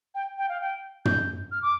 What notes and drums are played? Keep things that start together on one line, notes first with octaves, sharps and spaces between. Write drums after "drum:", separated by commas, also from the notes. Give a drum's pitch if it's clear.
G5
G5
F5
G5
G6, drum: tom
F6
D6